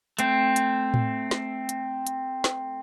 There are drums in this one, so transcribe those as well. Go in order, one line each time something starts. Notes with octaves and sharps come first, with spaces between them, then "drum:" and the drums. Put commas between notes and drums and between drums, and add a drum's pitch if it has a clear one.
A3 C4, drum: hi-hat
drum: hi-hat
drum: tom A2
drum: snare
drum: hi-hat
drum: hi-hat
drum: snare